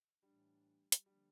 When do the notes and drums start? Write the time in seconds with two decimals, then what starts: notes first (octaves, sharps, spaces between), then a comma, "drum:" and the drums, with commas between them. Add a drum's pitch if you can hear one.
0.23 A2 E3 G3 A3 D4
0.92 drum: hi-hat
1.06 D3 F3 G3 A#3 D4